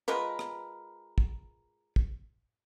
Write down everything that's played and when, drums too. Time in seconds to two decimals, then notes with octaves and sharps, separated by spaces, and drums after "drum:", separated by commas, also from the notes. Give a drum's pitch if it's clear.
0.08 G#3 F4 A#4 B4
0.39 drum: rim click
1.18 drum: kick
1.96 drum: kick